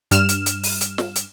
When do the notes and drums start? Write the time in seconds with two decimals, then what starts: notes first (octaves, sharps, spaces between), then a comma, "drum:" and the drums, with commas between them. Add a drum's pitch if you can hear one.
0.11 G2 F6 E7, drum: hi-hat
0.29 drum: hi-hat
0.46 drum: hi-hat
0.63 drum: open hi-hat
0.81 drum: hi-hat
0.98 drum: snare
1.15 drum: hi-hat